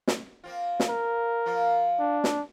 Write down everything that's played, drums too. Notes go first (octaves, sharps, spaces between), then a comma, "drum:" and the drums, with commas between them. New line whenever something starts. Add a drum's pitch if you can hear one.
drum: snare
A#3 C4 F4
drum: snare
A#4
F3 A#3 F4
D4
drum: snare